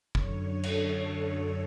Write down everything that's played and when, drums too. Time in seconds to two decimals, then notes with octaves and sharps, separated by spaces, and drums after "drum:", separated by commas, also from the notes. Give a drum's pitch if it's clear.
0.15 F#2 D3 C#5, drum: kick
0.63 A4, drum: cymbal